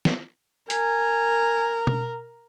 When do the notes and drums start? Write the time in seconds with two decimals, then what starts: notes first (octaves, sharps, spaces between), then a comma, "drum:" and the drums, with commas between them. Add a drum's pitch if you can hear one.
0.05 drum: snare
0.70 A#4 G#5, drum: hi-hat
1.87 drum: tom B2